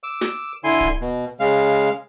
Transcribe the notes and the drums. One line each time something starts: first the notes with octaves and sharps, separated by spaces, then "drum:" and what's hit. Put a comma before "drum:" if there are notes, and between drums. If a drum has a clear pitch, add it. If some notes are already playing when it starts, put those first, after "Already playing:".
D6 E6
drum: snare
D3 E4 G#5 C6
drum: kick D1
B2
C#3 G#3 F5